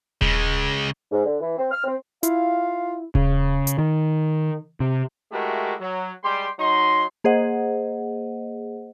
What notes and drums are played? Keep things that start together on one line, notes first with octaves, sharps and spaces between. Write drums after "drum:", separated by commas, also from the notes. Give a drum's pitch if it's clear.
C#3 G#3, drum: kick D#1
G#2
D3
E3
C4
F6
C4
E4 F4 F5, drum: hi-hat
C#3, drum: kick D#1
drum: hi-hat
D#3
C3
G#3 A3 E4 F#4 G4 A#4
F#3
G3 G#3 G4 G5 C6
F#3 D#4 C6
A#3 G#4 C5 D#5 F#5